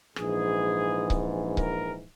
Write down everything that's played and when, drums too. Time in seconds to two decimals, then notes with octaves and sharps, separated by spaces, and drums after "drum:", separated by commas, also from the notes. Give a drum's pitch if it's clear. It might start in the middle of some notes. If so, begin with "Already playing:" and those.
0.16 A#1 G#2 E3 G#4, drum: rim click
1.10 drum: kick C#1
1.57 A#4, drum: kick C#1